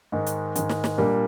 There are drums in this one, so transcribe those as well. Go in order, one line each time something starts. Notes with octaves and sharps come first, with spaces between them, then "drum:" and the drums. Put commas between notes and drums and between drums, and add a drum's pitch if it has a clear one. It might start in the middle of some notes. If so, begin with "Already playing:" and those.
G#2 D#3 G#3
drum: hi-hat
G#2 D#3 G#3, drum: hi-hat
drum: snare
drum: snare
A#2 G3 A#3 D4